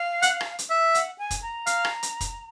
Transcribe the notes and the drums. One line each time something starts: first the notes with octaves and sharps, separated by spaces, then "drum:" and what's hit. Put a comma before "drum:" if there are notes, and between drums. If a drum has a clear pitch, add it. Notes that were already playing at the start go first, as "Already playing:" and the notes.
Already playing: F5
F#5, drum: hi-hat
drum: rim click
drum: hi-hat
E5
F#5, drum: hi-hat
G#5
drum: kick, hi-hat
A#5
F5, drum: hi-hat
drum: rim click
drum: hi-hat
drum: kick, hi-hat